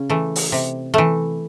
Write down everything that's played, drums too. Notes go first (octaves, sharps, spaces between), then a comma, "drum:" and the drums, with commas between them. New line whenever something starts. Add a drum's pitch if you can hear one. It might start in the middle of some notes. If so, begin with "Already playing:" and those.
Already playing: C#3 C#4
E3 A3
drum: open hi-hat
C3
E3 A3